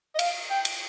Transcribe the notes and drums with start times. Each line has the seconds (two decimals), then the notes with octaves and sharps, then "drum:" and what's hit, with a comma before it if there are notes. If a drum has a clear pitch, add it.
0.15 D#5
0.19 F5, drum: cymbal
0.50 G5
0.65 drum: cymbal